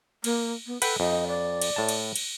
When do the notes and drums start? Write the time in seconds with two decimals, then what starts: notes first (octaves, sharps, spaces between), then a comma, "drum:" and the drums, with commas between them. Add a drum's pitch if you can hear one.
0.24 A#3, drum: cymbal
0.67 B3
0.82 A4 B4 F#5 G5, drum: cymbal
1.00 F2 D#5
1.28 D5
1.62 drum: cymbal
1.76 A2 A5
1.89 drum: cymbal
2.16 drum: cymbal